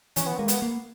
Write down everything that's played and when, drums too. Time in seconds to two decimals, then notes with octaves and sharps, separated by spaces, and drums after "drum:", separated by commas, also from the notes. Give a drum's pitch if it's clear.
0.16 E3 C#4, drum: hi-hat
0.27 B3
0.37 G#3 A#3
0.48 B3, drum: hi-hat
0.62 A#3